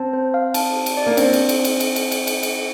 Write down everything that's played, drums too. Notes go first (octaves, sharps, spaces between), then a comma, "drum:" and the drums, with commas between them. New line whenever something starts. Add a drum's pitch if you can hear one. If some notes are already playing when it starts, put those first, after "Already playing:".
Already playing: C4 A5
C5
F5
A5, drum: cymbal
G4
drum: cymbal
D5
A#3
C4 D4, drum: cymbal
drum: cymbal
drum: cymbal
drum: cymbal
drum: cymbal
drum: cymbal
drum: cymbal
drum: cymbal
drum: cymbal